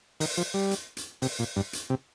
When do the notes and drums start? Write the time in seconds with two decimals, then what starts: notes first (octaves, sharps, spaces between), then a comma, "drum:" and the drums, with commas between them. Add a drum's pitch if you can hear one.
0.20 D#3, drum: open hi-hat
0.37 F3
0.54 G3
0.71 drum: hi-hat
0.97 drum: hi-hat
1.22 C3, drum: open hi-hat
1.39 A#2
1.56 G2
1.73 drum: hi-hat
1.90 C3